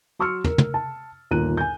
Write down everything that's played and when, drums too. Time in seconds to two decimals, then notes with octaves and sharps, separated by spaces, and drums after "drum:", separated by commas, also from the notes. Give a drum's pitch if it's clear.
0.19 F#3 C6 C#6 E6 F6 C#7
0.44 A#4, drum: tom
0.58 drum: tom
0.74 A5
1.31 G1 D#2 A#2 A#5 F#6 D#7
1.57 G#5 G6